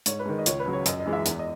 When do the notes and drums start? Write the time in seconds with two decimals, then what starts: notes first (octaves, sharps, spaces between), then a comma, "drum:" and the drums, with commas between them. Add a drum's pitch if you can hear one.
0.06 G#2 C#5, drum: hi-hat
0.19 B4
0.26 D#3 G#3
0.38 D#5
0.46 C#2 C#5, drum: hi-hat
0.60 B4
0.66 C#3 F#3
0.73 C#5
0.86 F#2 D#5, drum: hi-hat
0.99 D#5
1.06 E3 G#3
1.13 E5
1.26 E2, drum: hi-hat
1.39 D#5